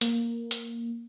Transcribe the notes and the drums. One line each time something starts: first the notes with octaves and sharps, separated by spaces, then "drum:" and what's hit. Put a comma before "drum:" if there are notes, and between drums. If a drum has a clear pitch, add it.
A#3, drum: hi-hat
drum: hi-hat